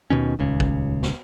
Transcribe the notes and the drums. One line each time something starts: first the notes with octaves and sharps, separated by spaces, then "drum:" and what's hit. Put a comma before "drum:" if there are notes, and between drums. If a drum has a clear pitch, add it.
D#2 B2 D#3 C#4
D#1 C#2 C#3
drum: kick
drum: snare